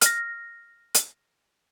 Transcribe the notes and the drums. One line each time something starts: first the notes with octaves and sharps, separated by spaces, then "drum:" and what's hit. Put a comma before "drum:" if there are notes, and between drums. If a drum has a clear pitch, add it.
F6 A#6, drum: hi-hat
drum: hi-hat